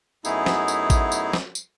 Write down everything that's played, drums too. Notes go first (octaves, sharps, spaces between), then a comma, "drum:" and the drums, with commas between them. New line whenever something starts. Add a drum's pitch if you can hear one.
F#2 A3 B3 D#4 E4 G#4, drum: tambourine
drum: snare
drum: tambourine
drum: kick A1, tambourine
drum: tambourine
drum: snare
drum: tambourine